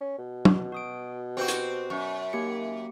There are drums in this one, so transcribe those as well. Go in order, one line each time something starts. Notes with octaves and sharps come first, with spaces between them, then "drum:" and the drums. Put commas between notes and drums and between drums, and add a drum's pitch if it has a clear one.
C#4
B2
drum: tom
F#4 D#6 D7
C4 F#4 G4 B4 G6
drum: hi-hat
F#2 C#6
D#3 A#3 G4 C#7